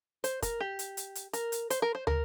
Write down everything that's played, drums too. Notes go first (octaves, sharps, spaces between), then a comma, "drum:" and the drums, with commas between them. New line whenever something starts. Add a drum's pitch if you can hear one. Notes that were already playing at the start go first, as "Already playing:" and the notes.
C5, drum: hi-hat
A#4, drum: kick, hi-hat
G4
drum: hi-hat
drum: hi-hat
drum: hi-hat
A#4, drum: hi-hat
drum: hi-hat
C5, drum: hi-hat
A#4
C5
A#4, drum: tom